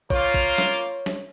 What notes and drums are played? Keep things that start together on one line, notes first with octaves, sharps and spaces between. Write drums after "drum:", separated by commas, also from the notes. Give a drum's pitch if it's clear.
A#3 F4 C#5, drum: kick A#1
drum: kick A#1
drum: snare
drum: snare